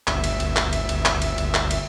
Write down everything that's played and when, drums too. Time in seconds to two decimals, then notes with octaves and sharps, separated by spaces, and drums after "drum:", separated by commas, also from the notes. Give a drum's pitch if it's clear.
0.07 G1 D2 E5, drum: clap
0.24 drum: cymbal
0.40 drum: cymbal
0.56 drum: clap
0.73 drum: cymbal
0.89 drum: cymbal
1.05 drum: clap
1.22 drum: cymbal
1.38 drum: cymbal
1.54 drum: clap
1.71 drum: cymbal